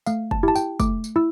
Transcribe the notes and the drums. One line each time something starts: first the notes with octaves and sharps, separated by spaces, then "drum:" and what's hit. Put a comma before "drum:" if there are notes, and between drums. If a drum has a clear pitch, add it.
A3 F5, drum: tambourine
A5, drum: kick
E4 G4 A5
G5, drum: tambourine
A3 D6, drum: kick, tambourine
drum: tambourine
E4 E6